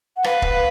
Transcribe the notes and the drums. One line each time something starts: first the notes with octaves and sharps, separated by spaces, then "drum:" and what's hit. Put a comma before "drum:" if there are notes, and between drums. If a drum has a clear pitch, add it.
F#5
B4 F5, drum: rim click
drum: kick